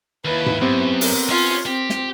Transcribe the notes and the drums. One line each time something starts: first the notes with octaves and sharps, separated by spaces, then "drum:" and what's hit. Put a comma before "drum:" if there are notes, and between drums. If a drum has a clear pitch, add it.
D#2 E4 B4
drum: tom G#2
F#2 B3 C4 G4
A#4, drum: open hi-hat
C#4 F4
C4 G4
drum: snare